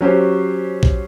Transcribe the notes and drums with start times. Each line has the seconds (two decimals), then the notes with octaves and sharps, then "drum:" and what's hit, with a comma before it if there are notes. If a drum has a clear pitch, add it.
0.01 F#3 C#4 G4 C5
0.83 drum: kick A#1